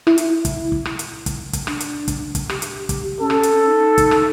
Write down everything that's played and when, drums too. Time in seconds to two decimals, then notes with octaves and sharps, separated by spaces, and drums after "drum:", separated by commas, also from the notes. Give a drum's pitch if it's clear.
0.07 E4, drum: rim click
0.18 drum: hi-hat
0.45 drum: kick, hi-hat
0.72 drum: kick
0.85 drum: rim click
0.99 drum: hi-hat
1.26 drum: kick, hi-hat
1.53 drum: kick, hi-hat
1.67 D4, drum: rim click
1.80 drum: hi-hat
2.08 drum: kick, hi-hat
2.35 drum: kick, hi-hat
2.49 G4, drum: rim click
2.62 drum: hi-hat
2.89 drum: kick, hi-hat
3.20 C#4 A4
3.30 drum: rim click
3.43 drum: hi-hat
3.67 D#4
3.98 drum: kick, hi-hat
4.11 drum: rim click